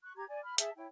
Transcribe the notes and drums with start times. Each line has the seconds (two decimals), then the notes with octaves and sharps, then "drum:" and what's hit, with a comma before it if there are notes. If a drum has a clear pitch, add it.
0.04 C#6 F#6
0.16 G4 A#5 G#6
0.29 D5 G#5
0.43 B5 F6
0.58 G#4 E5 A5, drum: hi-hat
0.77 E4 C#5 G5